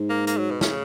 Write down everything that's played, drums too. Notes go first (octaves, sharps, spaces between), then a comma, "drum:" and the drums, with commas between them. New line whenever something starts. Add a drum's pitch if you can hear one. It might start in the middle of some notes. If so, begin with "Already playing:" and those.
Already playing: G#2
A#3
A#3, drum: hi-hat
F#3
B2
C#3, drum: snare